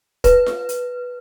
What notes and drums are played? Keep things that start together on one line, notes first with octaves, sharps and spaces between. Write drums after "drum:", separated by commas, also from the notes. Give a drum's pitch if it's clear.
B4, drum: kick, hi-hat
drum: snare F4
drum: hi-hat